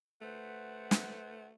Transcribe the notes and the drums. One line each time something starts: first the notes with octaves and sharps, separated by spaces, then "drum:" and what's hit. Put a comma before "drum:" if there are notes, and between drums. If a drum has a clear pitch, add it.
A3 B4 C5 F#5
drum: snare